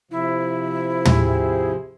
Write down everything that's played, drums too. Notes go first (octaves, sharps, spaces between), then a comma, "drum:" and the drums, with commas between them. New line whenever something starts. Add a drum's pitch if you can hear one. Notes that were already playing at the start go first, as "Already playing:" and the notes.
C3 F3 E4
G4 G#4 C5, drum: tom